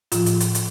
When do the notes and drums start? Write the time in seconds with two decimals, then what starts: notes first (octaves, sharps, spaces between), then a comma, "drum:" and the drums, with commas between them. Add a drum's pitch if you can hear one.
0.12 A2 F3 F4, drum: hi-hat
0.26 drum: hi-hat
0.40 drum: hi-hat
0.55 drum: hi-hat